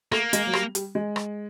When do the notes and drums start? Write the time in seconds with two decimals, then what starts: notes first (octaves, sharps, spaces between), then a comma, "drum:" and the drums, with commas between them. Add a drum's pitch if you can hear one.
0.12 A3 A#3, drum: rim click
0.33 G#3, drum: hi-hat
0.47 F#3
0.53 G3, drum: rim click
0.75 G3, drum: hi-hat
0.95 G#3
1.16 drum: rim click